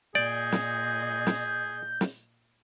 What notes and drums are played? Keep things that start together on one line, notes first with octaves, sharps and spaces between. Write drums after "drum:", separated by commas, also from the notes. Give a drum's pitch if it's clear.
A#2 G#4 D5 D#5 G6
drum: snare
drum: snare
drum: snare